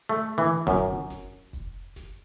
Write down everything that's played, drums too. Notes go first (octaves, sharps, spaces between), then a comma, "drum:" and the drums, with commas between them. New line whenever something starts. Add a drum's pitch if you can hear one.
A3
E3
F#2, drum: kick F1, hi-hat
drum: snare F#1
drum: kick F1, hi-hat
drum: snare F#1